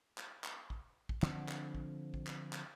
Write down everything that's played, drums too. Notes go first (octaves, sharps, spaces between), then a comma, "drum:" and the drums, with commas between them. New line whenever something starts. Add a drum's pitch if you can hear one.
drum: clap
drum: clap
drum: kick
drum: kick
D3 F3 C4, drum: clap
drum: clap
drum: kick
drum: kick
drum: clap
drum: clap